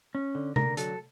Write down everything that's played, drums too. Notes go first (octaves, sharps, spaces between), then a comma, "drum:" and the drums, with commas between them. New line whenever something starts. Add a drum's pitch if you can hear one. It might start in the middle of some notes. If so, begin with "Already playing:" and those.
C#4
D3
D3 A#4, drum: tom C3
F#3 A4, drum: hi-hat